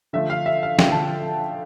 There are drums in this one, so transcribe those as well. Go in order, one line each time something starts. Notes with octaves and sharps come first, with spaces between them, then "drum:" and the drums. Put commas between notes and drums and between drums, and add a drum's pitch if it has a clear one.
D3 F3 A3 E5
F5
E5
F5
D3 F3 A3 G5, drum: snare
A5